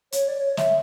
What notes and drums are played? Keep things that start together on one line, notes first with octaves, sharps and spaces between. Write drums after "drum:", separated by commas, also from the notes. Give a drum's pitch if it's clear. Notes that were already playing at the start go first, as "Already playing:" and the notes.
C#5, drum: hi-hat
D5
C#5
E5, drum: snare